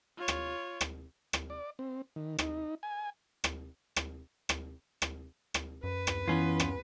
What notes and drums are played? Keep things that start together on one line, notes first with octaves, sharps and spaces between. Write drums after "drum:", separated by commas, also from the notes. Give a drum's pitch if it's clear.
F4 C#5
drum: rim click
drum: rim click
drum: rim click
D5
C4
D#3
D#4, drum: rim click
G#5
drum: rim click
drum: rim click
drum: rim click
drum: rim click
drum: rim click
F#2 B4
drum: rim click
E3 B3 C#4 F4
drum: rim click